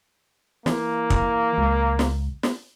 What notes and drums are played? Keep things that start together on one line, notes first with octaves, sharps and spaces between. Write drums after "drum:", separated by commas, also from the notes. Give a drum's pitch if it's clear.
E3 A#3, drum: snare
drum: kick
C#2
drum: snare
drum: snare